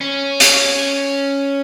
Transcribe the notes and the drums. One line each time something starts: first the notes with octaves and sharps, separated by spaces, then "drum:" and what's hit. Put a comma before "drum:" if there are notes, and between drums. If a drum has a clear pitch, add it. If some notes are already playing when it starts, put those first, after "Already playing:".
C#4
drum: hi-hat